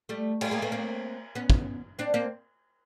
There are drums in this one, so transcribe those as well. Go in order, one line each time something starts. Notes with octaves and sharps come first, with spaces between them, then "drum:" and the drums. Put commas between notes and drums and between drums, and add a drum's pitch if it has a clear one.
G3 A3
G3 A3, drum: cymbal
G#3 A#3
A3 B3
A#3 C4
B3 C#4
drum: kick
C4 D4
A#3 C4